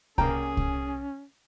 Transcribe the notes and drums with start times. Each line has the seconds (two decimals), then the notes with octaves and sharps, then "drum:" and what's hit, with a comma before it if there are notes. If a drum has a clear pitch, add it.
0.18 C2 A#3 C#4 G#4 G5 A#5, drum: kick C2
0.57 drum: kick C2